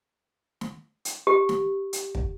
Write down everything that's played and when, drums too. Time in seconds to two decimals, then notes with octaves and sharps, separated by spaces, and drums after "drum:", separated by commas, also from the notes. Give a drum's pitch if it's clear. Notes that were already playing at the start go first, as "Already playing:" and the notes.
0.61 drum: snare
1.05 drum: hi-hat
1.27 G4
1.49 drum: snare
1.93 drum: hi-hat
2.15 drum: kick